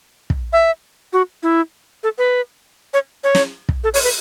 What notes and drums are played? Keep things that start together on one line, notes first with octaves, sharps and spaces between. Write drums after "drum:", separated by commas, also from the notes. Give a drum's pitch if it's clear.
drum: kick
E5
F#4
E4
A4
B4
C#5
C#5
drum: snare
drum: kick
A4
C#5, drum: open hi-hat
B4